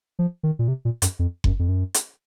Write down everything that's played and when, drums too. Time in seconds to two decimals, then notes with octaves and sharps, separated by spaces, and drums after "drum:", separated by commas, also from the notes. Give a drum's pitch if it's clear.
0.19 F3
0.43 D#3
0.59 A#2
0.68 C3
0.85 A#2
1.02 F#2, drum: hi-hat
1.19 F2
1.44 F#2, drum: kick F#1
1.59 F2
1.69 F#2
1.94 drum: hi-hat